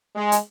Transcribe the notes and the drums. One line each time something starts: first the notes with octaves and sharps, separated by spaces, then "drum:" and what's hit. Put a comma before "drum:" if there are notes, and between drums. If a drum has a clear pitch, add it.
G#3
drum: hi-hat